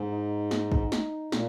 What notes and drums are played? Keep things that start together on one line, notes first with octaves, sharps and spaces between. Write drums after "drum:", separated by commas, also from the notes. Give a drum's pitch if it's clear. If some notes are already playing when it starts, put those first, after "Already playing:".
Already playing: G#2
D#4
drum: snare
drum: kick
drum: snare
A#2, drum: snare